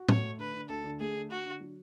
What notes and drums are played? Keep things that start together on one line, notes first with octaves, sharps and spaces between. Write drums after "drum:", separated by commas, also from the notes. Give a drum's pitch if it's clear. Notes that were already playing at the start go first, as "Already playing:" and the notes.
Already playing: F#4
A3 C#5, drum: tom
A3
D3 B4
D3
D2 A4
D3
A3 G#4
D3
D3 F#4
D3
F#3